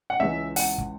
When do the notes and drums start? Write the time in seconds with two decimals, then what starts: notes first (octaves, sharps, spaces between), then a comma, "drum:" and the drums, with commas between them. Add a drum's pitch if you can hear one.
0.10 F#5
0.20 C#2 C#3 E3 G#3 E5
0.56 F#5, drum: open hi-hat
0.78 drum: kick